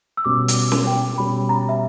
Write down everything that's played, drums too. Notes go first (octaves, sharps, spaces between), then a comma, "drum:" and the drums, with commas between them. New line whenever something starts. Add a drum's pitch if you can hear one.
E6
B2 G3 C#4 D6
drum: hi-hat
drum: snare
G5
B2 G3 C#4 B5
A#5
E5